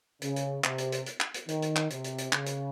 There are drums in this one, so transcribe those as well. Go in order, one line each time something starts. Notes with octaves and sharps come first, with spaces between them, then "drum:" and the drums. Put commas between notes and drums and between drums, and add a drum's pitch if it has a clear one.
C#3, drum: hi-hat
drum: hi-hat
C3, drum: clap
drum: hi-hat
drum: hi-hat
drum: hi-hat
drum: clap
drum: hi-hat
D#3, drum: hi-hat
drum: hi-hat
drum: clap
C3, drum: hi-hat
drum: hi-hat
drum: hi-hat
C#3, drum: clap
drum: hi-hat